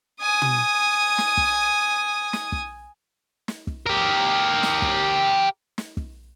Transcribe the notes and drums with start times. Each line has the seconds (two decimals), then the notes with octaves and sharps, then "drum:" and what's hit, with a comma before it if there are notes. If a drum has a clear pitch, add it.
0.21 G#5 D#6
0.42 drum: tom
1.18 drum: snare
1.37 drum: kick
2.33 drum: snare
2.52 drum: kick
3.48 drum: snare
3.67 drum: kick
3.86 G4 A#4
4.63 drum: snare
4.82 drum: kick
5.78 drum: snare
5.97 drum: kick